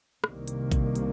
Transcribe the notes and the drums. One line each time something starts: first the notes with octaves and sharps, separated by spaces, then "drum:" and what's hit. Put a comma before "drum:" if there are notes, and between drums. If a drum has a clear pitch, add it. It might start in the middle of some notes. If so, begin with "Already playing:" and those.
C2 C3 D#3 A#3, drum: rim click
drum: hi-hat
drum: kick A#1, hi-hat
drum: hi-hat